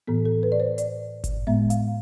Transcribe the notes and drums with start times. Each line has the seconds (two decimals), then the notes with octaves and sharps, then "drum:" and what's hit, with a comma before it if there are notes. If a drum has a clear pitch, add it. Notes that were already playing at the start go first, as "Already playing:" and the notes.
0.07 A2 E3 B3 A4
0.25 A4
0.43 B4
0.52 D5
0.60 C5
0.78 D5, drum: hi-hat
1.24 drum: kick G1, hi-hat
1.47 A2 G#3 B3 E5
1.70 F5, drum: hi-hat